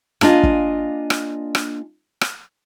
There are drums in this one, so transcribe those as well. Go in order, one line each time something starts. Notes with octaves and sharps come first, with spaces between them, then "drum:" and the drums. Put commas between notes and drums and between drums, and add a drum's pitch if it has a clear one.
A#3 D4 F4 D#5 G#5, drum: rim click
drum: kick
drum: rim click
drum: rim click
drum: rim click